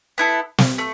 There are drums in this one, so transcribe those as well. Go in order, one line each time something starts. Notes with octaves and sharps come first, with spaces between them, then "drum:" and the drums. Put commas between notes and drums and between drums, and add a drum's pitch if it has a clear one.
B3 E4 A4
drum: snare
A3